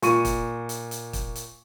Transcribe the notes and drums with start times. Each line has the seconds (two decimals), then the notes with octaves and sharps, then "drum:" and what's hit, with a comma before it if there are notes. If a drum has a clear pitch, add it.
0.02 A#2 C#6 D#7, drum: hi-hat
0.25 drum: kick, hi-hat
0.69 drum: hi-hat
0.91 drum: hi-hat
1.13 drum: kick, hi-hat
1.35 drum: hi-hat